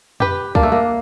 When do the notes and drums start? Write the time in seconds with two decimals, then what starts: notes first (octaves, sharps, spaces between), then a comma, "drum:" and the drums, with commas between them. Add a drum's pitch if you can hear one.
0.20 G4 B4, drum: tom F2
0.55 A#3 D4, drum: kick
0.63 A3
0.72 A#3